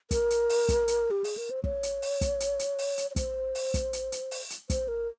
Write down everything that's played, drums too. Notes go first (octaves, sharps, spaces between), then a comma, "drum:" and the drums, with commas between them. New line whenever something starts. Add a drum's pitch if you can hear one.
A#4, drum: kick, hi-hat
drum: hi-hat
drum: open hi-hat
drum: kick, hi-hat
drum: hi-hat
G4
G#4, drum: open hi-hat
A#4
C5
C#5, drum: kick
drum: hi-hat
drum: open hi-hat
drum: kick, hi-hat
drum: hi-hat
drum: hi-hat
drum: open hi-hat
drum: hi-hat
C#5
C5, drum: kick, hi-hat
drum: open hi-hat
drum: kick, hi-hat
drum: hi-hat
drum: hi-hat
drum: open hi-hat
drum: hi-hat
C5, drum: kick, hi-hat
A#4